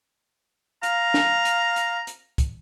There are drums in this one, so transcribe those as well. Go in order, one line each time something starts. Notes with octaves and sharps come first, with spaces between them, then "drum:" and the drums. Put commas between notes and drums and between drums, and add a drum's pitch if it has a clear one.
F5 A#5, drum: hi-hat
drum: snare
drum: hi-hat
drum: hi-hat
drum: hi-hat
drum: kick C2, hi-hat